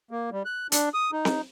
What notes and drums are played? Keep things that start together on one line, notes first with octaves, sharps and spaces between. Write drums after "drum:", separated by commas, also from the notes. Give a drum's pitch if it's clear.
A#3
G3
F#6
D4, drum: hi-hat
D#6
D#4
drum: snare C4